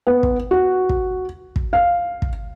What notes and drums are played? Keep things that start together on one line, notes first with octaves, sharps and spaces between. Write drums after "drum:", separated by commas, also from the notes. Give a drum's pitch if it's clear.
B3
drum: kick
F#4
drum: kick
drum: kick
F5
drum: kick